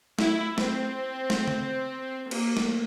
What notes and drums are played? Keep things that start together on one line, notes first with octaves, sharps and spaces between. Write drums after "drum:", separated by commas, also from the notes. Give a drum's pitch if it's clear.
E4, drum: snare A3
C4, drum: snare A3
drum: snare A3
drum: tom C#3
A#3, drum: cymbal
drum: snare A3